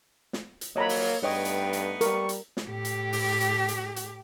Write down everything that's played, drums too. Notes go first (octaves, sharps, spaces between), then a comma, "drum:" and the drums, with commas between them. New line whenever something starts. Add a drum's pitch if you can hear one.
drum: snare
drum: hi-hat
D#3 F3 F#3 A#3 C#5 D#5 A#5 B5
drum: open hi-hat
G2 A3 B3 D#4 C#5 D#5 G5 D#6
drum: hi-hat
drum: hi-hat
G3 A#4 C#6, drum: hi-hat
drum: hi-hat
drum: snare
A2 G4
drum: hi-hat
drum: open hi-hat
drum: hi-hat
drum: hi-hat
drum: hi-hat